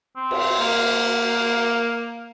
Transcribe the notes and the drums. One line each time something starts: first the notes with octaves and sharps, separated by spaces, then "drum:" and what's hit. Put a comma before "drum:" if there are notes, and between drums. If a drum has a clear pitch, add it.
C4
drum: cymbal
A#3